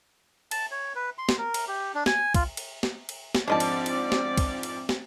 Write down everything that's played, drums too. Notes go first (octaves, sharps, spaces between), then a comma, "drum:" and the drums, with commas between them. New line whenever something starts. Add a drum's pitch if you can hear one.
A5, drum: cymbal
C#5
B4
C6
drum: snare
A#4
drum: cymbal
G4
D4
G#5, drum: snare
F4, drum: kick, cymbal
drum: cymbal
drum: snare
drum: cymbal
drum: snare
F2 G#2 F3 C4 D4 D5 D#5 A5
drum: cymbal
drum: cymbal
drum: snare
drum: kick, cymbal
drum: cymbal
drum: snare